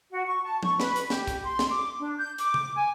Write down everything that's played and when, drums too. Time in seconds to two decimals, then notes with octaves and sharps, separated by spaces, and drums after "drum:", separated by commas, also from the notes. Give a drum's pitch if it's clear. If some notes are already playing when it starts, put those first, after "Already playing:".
0.11 F#4
0.26 C#6
0.43 A5
0.63 C#6, drum: tom
0.80 B4, drum: snare
0.96 drum: hi-hat
1.10 G4, drum: snare
1.27 drum: kick, hi-hat
1.43 C6
1.59 drum: snare
1.69 D6
1.99 D4
2.17 G6
2.38 D6, drum: hi-hat
2.54 drum: tom C3
2.76 G#5